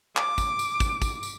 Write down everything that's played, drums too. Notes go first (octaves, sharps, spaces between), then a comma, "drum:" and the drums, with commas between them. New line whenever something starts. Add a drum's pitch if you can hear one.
D6, drum: clap
drum: kick, tambourine
drum: tambourine
drum: kick, tambourine
drum: kick, tambourine
drum: tambourine